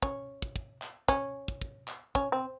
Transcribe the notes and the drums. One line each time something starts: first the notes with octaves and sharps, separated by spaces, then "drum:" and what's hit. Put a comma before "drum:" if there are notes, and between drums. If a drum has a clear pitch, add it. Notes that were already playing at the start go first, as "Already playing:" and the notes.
C#4, drum: kick
drum: kick
drum: kick
drum: clap
C#4, drum: kick
drum: kick
drum: kick
drum: clap
C#4, drum: kick
C4